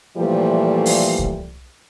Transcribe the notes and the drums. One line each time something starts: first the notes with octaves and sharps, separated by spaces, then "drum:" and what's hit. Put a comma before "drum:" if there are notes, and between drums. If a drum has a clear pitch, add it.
A#2 E3 F3 G3 A3
drum: open hi-hat
drum: kick C2